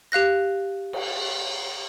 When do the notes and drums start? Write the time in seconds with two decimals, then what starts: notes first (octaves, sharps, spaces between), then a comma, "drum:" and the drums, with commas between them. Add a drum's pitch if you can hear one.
0.12 G4 F5 F#6 A#6
0.93 drum: cymbal